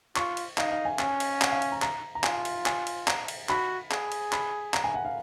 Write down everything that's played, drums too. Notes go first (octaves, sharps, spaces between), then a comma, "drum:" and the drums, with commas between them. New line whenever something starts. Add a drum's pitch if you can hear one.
F4 C#6, drum: clap
drum: cymbal
D#4 F5, drum: clap
F5
G#5
C#4 G#5, drum: clap
drum: cymbal
F#5, drum: clap
F5
drum: cymbal
A#5
A#5, drum: clap
A#5
F4 G#5, drum: clap
drum: cymbal
G#5, drum: clap
drum: cymbal
A#5, drum: clap
drum: cymbal
F#4 B5, drum: clap
G#4, drum: clap
drum: cymbal
B5, drum: clap
A#5, drum: clap
G#5
F#5
F5